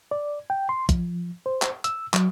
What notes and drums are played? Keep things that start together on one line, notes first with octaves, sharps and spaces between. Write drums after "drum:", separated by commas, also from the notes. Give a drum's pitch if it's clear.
D5
G5
C6
F3, drum: kick, hi-hat
C5
drum: clap
E6, drum: hi-hat
F#3, drum: clap